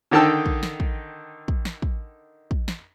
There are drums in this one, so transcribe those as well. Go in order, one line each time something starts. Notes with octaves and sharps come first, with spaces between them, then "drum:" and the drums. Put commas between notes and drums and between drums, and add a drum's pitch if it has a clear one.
D3 D#3 D#4 G5 A5 E6
drum: kick
drum: snare
drum: kick
drum: kick
drum: snare
drum: kick
drum: kick
drum: snare